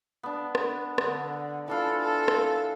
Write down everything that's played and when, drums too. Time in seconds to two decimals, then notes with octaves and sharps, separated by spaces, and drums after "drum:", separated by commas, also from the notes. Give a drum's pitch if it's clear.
0.23 B3 D4
0.55 drum: rim click
0.98 D3, drum: rim click
1.68 E3 D4 F4 A4
2.01 A4
2.28 drum: rim click